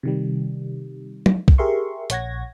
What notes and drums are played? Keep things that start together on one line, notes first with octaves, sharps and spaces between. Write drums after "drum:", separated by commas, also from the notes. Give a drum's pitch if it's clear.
C3 D#3 G3
drum: tom F#3
drum: kick B1
G4 G#4 A#4 E5 C6 C#6
A#1 C#5 F#5 G#6 A#6, drum: hi-hat